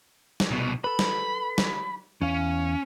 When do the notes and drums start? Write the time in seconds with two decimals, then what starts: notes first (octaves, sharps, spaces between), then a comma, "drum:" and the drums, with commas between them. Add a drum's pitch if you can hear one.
0.40 drum: snare
0.51 C2 B2
0.84 A4 B4 B5
0.99 drum: snare
1.58 drum: snare
2.22 E2 C#4 F5